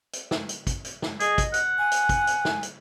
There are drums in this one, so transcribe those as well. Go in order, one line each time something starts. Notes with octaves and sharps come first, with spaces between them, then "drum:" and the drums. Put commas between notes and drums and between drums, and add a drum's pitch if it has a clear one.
drum: hi-hat
drum: snare
drum: hi-hat
drum: kick, hi-hat
drum: hi-hat
drum: snare
G#4 D#5, drum: hi-hat
drum: kick, hi-hat
F#5, drum: hi-hat
G#5
drum: hi-hat
drum: kick, hi-hat
drum: hi-hat
drum: snare
drum: hi-hat